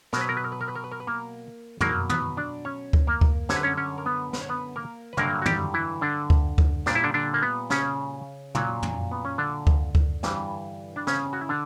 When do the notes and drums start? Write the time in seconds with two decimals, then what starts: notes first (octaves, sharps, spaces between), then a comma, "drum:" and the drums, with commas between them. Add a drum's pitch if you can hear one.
0.13 B2 F#3 A#4, drum: snare
0.21 B4
0.29 A#4
0.37 B4
0.44 A#4
0.52 B4
0.61 A#4
0.68 B4
0.75 A#4
0.84 B4
0.92 A#4
1.00 B4
1.07 A#3 A#4
1.81 B2 F#3 A#3 A#4, drum: tom
2.09 B3 B4, drum: tom
2.37 D4 D5
2.65 C#4 C#5
2.93 drum: kick D2
3.07 A#3 A#4
3.21 drum: kick D2
3.49 F#2 D3 G3 C#5, drum: snare
3.56 B4
3.63 C#4 C#5
3.77 C#4 C#5
3.98 A#4
4.05 B3 B4
4.33 B4, drum: snare
4.42 C#5
4.49 B3 B4
4.76 A#3 A#4
5.13 B4
5.17 G2 D3 F#3 A#3 A#4, drum: tom
5.42 F#4
5.46 G3 G4, drum: tom
5.74 E3 E4
6.01 D3 D4
6.30 drum: kick D2
6.58 drum: kick D2
6.86 A#2 G3 D4, drum: snare
6.95 E4
7.04 D3 D4
7.14 D3 D4
7.34 A#3
7.42 B3
7.70 C#3 C#4, drum: snare
8.55 A#2 F#3, drum: tom
8.83 drum: tom
9.11 B3
9.25 C#4
9.38 D3 D4
9.67 drum: kick D2
9.95 drum: kick D2
10.23 G2 E3 G3, drum: snare
10.96 D4
11.07 C#3 C#4, drum: snare
11.33 F#4
11.41 E4
11.49 D3 D4